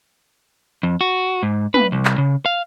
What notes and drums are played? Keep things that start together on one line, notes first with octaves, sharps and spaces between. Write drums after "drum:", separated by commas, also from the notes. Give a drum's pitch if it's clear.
F2
F#4
G#2
B4, drum: tom
C2
drum: clap
C#3
F5